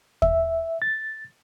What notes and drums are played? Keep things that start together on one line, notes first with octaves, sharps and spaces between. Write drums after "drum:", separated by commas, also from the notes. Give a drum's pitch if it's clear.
E5, drum: kick
A6